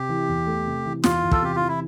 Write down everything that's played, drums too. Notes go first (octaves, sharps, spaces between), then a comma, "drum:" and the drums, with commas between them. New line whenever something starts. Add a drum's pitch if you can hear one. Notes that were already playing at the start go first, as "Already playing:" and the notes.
Already playing: C3 G4
E3
E2
A3
C3
E3
E2 F4, drum: snare
E2
A4, drum: kick
C3 G4
E3 F4
E4